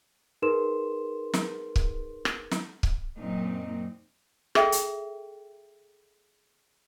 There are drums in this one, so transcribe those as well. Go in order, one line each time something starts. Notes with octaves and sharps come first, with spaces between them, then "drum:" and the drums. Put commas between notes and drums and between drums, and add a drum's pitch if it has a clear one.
D#4 G#4 A#4 B4 C6 E7
drum: snare
drum: kick C#1
drum: rim click
drum: snare
drum: kick C#1
F#2 A#2 C4 D#4
G#4 A4 E5 G5, drum: rim click
drum: hi-hat